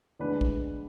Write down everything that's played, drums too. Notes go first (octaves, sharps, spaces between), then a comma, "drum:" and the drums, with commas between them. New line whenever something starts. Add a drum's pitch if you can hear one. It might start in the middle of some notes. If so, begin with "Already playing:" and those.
D2 D3 G#3 D4 B4 D5
drum: kick